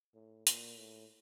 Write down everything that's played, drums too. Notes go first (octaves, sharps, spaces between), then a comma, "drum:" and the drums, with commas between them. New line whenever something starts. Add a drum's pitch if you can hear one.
A2
A#2, drum: hi-hat
A2